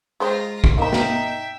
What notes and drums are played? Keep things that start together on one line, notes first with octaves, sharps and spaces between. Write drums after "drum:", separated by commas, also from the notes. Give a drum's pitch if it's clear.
G#3 F4 C5 G5 A#5
drum: kick
A#3 D#4 E5 G5 A#5
drum: snare